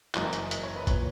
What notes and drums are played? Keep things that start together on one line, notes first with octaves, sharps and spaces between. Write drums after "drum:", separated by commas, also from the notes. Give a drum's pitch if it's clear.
F#1 F#2 E3 D#5, drum: clap
drum: hi-hat
D#5, drum: hi-hat
C#5
B4
A#2 C#5, drum: kick A1, hi-hat